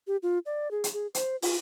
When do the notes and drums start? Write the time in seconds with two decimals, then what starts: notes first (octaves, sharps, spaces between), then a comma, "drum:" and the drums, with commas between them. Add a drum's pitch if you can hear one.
0.07 G4
0.23 F4
0.46 D5
0.71 G#4
0.84 drum: hi-hat
0.93 G#4
1.14 C5, drum: hi-hat
1.42 F4, drum: open hi-hat